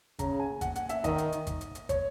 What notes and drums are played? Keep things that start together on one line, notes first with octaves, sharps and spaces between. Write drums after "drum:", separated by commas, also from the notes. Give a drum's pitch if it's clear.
C#3 A#5, drum: kick, hi-hat
G#5
F#5, drum: kick, hi-hat
F#5, drum: hi-hat
E5, drum: hi-hat
D#3 D#5, drum: kick, hi-hat
drum: hi-hat
drum: hi-hat
drum: kick, hi-hat
drum: hi-hat
drum: hi-hat
C#5, drum: kick, hi-hat